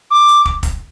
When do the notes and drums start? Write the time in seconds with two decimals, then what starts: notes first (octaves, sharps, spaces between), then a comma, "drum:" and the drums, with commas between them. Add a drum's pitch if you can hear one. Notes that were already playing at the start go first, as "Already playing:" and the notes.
0.11 D6
0.28 drum: hi-hat
0.45 drum: kick
0.63 drum: kick, hi-hat